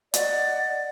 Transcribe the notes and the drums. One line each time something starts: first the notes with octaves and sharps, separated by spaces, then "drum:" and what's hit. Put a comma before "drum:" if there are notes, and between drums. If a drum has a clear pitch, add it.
D5 D#5 F#5, drum: hi-hat